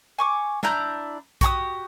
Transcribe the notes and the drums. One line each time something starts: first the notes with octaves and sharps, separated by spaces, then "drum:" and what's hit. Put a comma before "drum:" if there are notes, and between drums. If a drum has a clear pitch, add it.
G#5 C#6 D6
D4 E4 A#5 G6, drum: snare
F#4 G4 A5 D#6, drum: kick B1, hi-hat